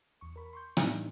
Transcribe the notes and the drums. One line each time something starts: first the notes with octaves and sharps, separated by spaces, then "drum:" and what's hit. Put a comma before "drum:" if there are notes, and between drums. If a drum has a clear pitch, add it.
E2 C#6
A#4 B5
C6 C#6 G6
A2 E3 G3 B3 D4 D#4, drum: rim click